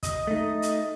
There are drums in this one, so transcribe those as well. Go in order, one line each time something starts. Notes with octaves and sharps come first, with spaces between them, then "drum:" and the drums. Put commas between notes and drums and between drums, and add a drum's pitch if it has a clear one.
D#5, drum: kick, hi-hat
A3 D#4
drum: hi-hat